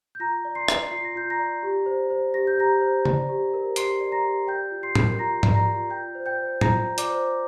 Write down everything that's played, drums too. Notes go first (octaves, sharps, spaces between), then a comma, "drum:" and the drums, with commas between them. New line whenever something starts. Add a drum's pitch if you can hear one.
G6
F4 A#5 A#6
D5
C6 C7
D5, drum: rim click
F4 C7
A#6
F4 G6
A#5 A#6
D5
G4
C5
C5
G4 A#6
G6
G4 A#5 A#6
C5
D5, drum: tom C#3
G4
A#4
G4 C6 C7, drum: hi-hat
D5
A#5 A#6
G4
D5 G5 G6
F4
C6 C7
A#4, drum: tom
F4 A#5 A#6
D5, drum: tom G#2
A#5 A#6
F4
F4 G5 G6
C5
G5 G6
C5
F4 A#5 A#6, drum: tom
F4
D5 D6, drum: hi-hat
C5